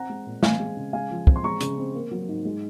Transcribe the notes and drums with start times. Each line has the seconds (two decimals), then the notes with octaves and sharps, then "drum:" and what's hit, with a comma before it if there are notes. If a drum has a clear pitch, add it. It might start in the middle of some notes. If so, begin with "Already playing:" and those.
Already playing: C4 F#5 A#5
0.09 G#3
0.26 A#2
0.43 C4 F5 G#5, drum: snare
0.60 G#3
0.77 C#3
0.93 G#3 F5 G#5
1.11 F3
1.27 C4, drum: kick
1.36 C6
1.44 G#3 A#5 C#6
1.60 C#3, drum: hi-hat
1.77 C4
1.95 A#3
2.11 F#3
2.29 G#2
2.45 G#3